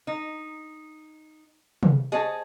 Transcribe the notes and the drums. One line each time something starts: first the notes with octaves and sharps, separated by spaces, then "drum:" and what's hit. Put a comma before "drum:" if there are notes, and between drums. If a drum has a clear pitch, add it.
D#4
drum: tom C3
G#4 C#5 D#5 A5